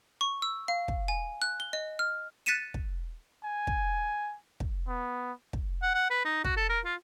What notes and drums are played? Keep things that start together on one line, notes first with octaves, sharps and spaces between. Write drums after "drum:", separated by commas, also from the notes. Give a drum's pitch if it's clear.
C#6
E6
F5
drum: kick
G#5
F#6
G7
D#5
F6
F#6 A6 B6 C#7 D#7 E7
drum: kick
G#5
drum: kick
drum: kick
B3
drum: kick
F#5
F#5
B4
D#4
F#4, drum: kick
A4
A#4
F4